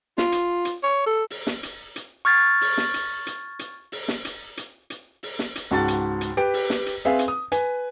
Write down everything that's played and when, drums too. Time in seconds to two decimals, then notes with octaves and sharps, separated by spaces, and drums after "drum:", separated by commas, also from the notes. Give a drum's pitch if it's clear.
0.18 F4, drum: snare
0.32 drum: hi-hat
0.65 drum: hi-hat
0.83 C#5
1.07 A4
1.30 drum: open hi-hat
1.47 drum: snare
1.63 drum: hi-hat
1.96 drum: hi-hat
2.25 C#6 F6 G#6 A6
2.61 drum: open hi-hat
2.78 drum: snare
2.94 drum: hi-hat
3.27 drum: hi-hat
3.59 drum: hi-hat
3.92 drum: open hi-hat
4.08 drum: snare
4.25 drum: hi-hat
4.57 drum: hi-hat
4.90 drum: hi-hat
5.23 drum: open hi-hat
5.39 drum: snare
5.56 drum: hi-hat
5.71 C#2 G#2 F#4 A5 A6
5.88 drum: hi-hat
6.21 drum: hi-hat
6.37 G4 B4 G5 B6 D7
6.54 drum: open hi-hat
6.70 drum: snare
6.86 drum: hi-hat
7.05 C4 G#4 B4 E5 F5
7.19 drum: hi-hat
7.28 D#6
7.52 B4 G#5, drum: hi-hat